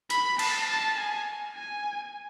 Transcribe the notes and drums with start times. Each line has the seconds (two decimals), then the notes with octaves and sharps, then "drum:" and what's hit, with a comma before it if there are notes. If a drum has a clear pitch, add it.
0.10 B5, drum: hi-hat
0.39 A5, drum: cymbal
0.68 A5
0.98 G#5
1.56 G#5